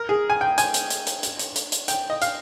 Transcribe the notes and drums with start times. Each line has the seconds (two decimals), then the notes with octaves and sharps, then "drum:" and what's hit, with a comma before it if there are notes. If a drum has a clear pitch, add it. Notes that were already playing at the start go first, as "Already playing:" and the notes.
Already playing: A#4
0.09 G#4
0.30 G#5
0.41 G5
0.58 G#5, drum: hi-hat
0.74 drum: hi-hat
0.90 drum: hi-hat
1.07 drum: hi-hat
1.23 drum: hi-hat
1.39 drum: hi-hat
1.56 drum: hi-hat
1.72 drum: hi-hat
1.88 G5, drum: hi-hat
2.10 D#5
2.22 F5, drum: hi-hat